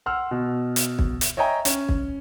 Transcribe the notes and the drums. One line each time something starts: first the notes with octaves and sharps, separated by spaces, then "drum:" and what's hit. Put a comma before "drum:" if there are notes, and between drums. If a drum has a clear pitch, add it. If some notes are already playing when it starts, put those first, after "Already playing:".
F#5 C6 E6 F6
B2
drum: hi-hat
drum: kick B1
drum: hi-hat
C#5 D#5 E5 G5 G#5 A#5
C#4, drum: hi-hat
drum: kick B1